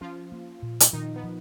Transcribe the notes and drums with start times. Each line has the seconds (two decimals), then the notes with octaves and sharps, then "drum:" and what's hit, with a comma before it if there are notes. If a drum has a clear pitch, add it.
0.01 F3 C#4 F4
0.32 A#3
0.62 A#2
0.80 drum: hi-hat
0.93 A#2 D#3 D#4
1.16 B3
1.24 F3